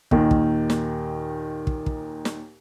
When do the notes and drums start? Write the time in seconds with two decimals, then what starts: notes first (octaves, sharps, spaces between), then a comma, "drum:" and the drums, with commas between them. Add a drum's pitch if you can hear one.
0.11 D#2 A#2 D#3, drum: kick
0.31 drum: kick
0.70 drum: snare
1.67 drum: kick
1.86 drum: kick
2.25 drum: snare